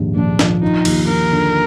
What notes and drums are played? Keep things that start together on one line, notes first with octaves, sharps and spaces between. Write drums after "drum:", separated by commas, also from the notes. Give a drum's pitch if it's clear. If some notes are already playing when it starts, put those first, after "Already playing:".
Already playing: A#1 D#2 G#2
A#1 D4
F3, drum: snare
F3 D#4
D#2, drum: cymbal
F3 A#4
D3